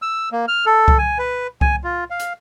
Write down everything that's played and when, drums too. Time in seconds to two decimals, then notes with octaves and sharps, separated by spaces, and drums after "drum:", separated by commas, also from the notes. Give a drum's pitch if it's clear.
0.02 E6
0.32 A#3
0.48 F6
0.66 A4
0.88 drum: kick C2
0.98 G#5
1.18 B4
1.61 G#5, drum: kick C2
1.84 F4
2.10 F5
2.20 drum: hi-hat